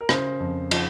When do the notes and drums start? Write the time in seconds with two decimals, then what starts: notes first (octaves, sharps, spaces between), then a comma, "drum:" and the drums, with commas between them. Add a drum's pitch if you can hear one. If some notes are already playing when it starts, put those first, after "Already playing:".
0.01 A#4
0.09 C#3 C5, drum: rim click
0.40 F2
0.71 F3, drum: cymbal